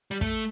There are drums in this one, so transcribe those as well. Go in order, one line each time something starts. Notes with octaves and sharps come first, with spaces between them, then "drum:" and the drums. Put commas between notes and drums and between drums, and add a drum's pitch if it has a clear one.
G3
A3, drum: kick